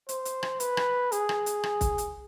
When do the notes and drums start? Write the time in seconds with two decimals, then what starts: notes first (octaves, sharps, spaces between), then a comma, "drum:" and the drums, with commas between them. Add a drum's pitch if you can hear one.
0.09 C5, drum: hi-hat
0.25 drum: hi-hat
0.43 drum: rim click
0.60 B4, drum: hi-hat
0.77 drum: rim click
1.12 G#4, drum: hi-hat
1.29 drum: rim click
1.46 drum: hi-hat
1.64 drum: rim click
1.81 drum: kick, hi-hat
1.98 drum: hi-hat